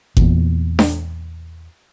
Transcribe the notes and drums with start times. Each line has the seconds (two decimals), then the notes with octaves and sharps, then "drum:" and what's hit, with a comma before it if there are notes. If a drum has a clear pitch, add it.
0.17 E2 A#2, drum: kick G1
0.79 drum: snare D4